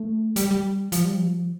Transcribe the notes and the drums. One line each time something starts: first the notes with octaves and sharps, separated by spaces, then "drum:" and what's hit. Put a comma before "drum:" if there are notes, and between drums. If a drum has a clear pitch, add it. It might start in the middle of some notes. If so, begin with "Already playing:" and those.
Already playing: A3
G3, drum: hi-hat
G3
F3, drum: hi-hat
G3
F3